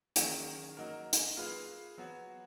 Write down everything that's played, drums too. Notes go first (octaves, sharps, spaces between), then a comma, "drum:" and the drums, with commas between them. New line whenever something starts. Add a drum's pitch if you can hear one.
D#3 F#3 A#3 C#4 G#4, drum: hi-hat
F#3 A#3 D#4 F#4 A#4
drum: hi-hat
A#3 F4 G#4 B4 F5
F#3 B3 F#4 C#5